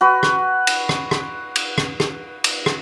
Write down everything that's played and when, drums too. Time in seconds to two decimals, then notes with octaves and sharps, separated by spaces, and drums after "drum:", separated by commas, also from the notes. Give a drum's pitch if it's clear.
0.01 F#4 B4
0.23 drum: rim click
0.67 drum: cymbal
0.89 drum: rim click
1.11 drum: rim click
1.56 drum: cymbal
1.78 drum: rim click
2.00 drum: rim click
2.44 drum: cymbal
2.66 drum: rim click